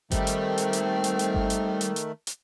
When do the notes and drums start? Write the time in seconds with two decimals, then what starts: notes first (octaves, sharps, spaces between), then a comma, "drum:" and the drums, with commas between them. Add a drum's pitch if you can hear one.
0.11 D#3 G3 A3 C4, drum: kick G1, hi-hat
0.27 drum: hi-hat
0.58 drum: hi-hat
0.73 drum: hi-hat
1.04 drum: hi-hat
1.19 drum: hi-hat
1.35 drum: kick G1
1.50 drum: hi-hat
1.81 drum: hi-hat
1.96 drum: hi-hat
2.27 drum: hi-hat